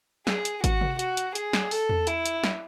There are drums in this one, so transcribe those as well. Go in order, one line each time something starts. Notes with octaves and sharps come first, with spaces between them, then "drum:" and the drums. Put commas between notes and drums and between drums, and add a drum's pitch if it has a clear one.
G#4, drum: snare
drum: hi-hat
F#4, drum: kick G#1, hi-hat
drum: tom C3
F#4, drum: hi-hat
drum: hi-hat
G#4, drum: hi-hat
drum: snare
A4, drum: open hi-hat
drum: tom E2
E4, drum: hi-hat
drum: hi-hat
drum: snare